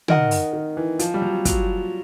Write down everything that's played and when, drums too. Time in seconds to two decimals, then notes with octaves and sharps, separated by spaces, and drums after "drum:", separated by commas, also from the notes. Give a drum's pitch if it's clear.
0.08 D#3 A#4 D#5 F#5, drum: tom
0.31 drum: open hi-hat
0.53 D#3
0.77 E3
0.99 F3, drum: hi-hat
1.14 G3
1.22 F#3
1.45 F#3, drum: kick, hi-hat